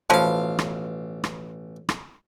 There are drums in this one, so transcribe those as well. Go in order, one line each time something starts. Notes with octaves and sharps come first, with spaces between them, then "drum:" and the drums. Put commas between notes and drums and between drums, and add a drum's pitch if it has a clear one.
A1 B2 F3 F5
drum: rim click
drum: rim click
drum: rim click